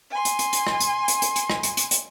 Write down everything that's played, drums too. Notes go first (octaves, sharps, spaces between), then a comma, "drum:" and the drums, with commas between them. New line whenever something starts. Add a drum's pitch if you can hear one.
G#5 C6
drum: hi-hat
drum: hi-hat
drum: hi-hat
drum: rim click
drum: hi-hat
drum: hi-hat
drum: hi-hat
drum: hi-hat
drum: rim click
drum: hi-hat
drum: hi-hat
drum: hi-hat